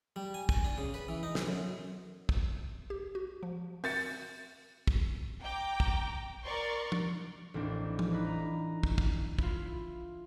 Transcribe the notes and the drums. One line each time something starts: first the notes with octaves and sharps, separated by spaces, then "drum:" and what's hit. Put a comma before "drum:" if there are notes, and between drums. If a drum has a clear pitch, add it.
G3
G#5
G#5, drum: kick
D4
C#3
B4
E3
D#4
B1, drum: snare
F#2
drum: kick
G4
F#4
F3
C4 A#4 E5 G6 A6 C#7, drum: open hi-hat
drum: kick
G5 A#5 D6
drum: kick
A#4 D5 A#5 C6 C#6
drum: tom
A1 D#2 C4 D4
drum: tom
D4 D#4 B4
A#5
drum: kick
drum: kick
E4 F4, drum: kick